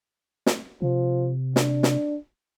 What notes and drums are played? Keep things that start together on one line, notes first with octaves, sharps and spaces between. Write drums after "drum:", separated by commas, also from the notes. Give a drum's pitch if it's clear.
drum: snare
C3 F3
D4, drum: snare
drum: snare